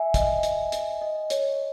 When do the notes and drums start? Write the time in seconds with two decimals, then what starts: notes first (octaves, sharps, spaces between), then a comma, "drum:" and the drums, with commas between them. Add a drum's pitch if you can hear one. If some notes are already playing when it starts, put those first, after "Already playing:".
Already playing: E5 G#5
0.14 D#5, drum: kick, hi-hat
0.43 drum: hi-hat
0.72 drum: hi-hat
1.01 D#5
1.30 C#5, drum: hi-hat